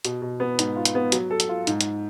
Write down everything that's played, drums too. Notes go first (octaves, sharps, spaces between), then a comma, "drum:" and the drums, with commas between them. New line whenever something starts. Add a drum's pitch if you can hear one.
B2, drum: hi-hat
B2
B3
G#2, drum: hi-hat
F4
drum: hi-hat
B3
F#3, drum: hi-hat
A4
drum: hi-hat
F4
G#2, drum: hi-hat
drum: hi-hat